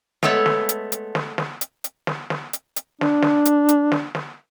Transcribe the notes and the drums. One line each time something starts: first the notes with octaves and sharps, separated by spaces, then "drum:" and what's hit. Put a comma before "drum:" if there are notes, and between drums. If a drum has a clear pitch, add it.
G#3 A3 B3 A4 C#5, drum: snare
drum: snare
drum: hi-hat
drum: hi-hat
drum: snare
drum: snare
drum: hi-hat
drum: hi-hat
drum: snare
drum: snare
drum: hi-hat
drum: hi-hat
D4, drum: snare
drum: snare
drum: hi-hat
drum: hi-hat
drum: snare
drum: snare